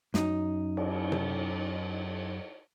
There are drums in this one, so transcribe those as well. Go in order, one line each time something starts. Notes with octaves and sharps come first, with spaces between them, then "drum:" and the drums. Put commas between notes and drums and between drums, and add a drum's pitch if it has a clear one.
F#2 D#4, drum: snare
drum: cymbal
drum: tom C3